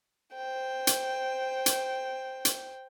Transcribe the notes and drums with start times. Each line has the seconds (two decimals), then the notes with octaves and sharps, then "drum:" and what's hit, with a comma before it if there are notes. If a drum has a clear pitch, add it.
0.34 C5 G5
0.87 drum: hi-hat
1.66 drum: hi-hat
2.45 drum: hi-hat